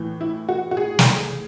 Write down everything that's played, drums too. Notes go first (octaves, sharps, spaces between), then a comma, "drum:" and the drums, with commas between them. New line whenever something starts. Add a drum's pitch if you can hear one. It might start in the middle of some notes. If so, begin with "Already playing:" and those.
Already playing: A2 E3
E4
F#4
F#4
G#4
drum: snare